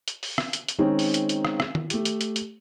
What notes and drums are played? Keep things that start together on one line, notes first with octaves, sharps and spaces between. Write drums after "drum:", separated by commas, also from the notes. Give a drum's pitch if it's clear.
drum: hi-hat
drum: open hi-hat
drum: rim click
drum: hi-hat
drum: hi-hat
D#3 G#3 C4 C#4 D#4
drum: open hi-hat
drum: hi-hat
drum: hi-hat
drum: rim click
drum: rim click
drum: tom D#3
A3 G4, drum: hi-hat
drum: hi-hat
drum: hi-hat
drum: hi-hat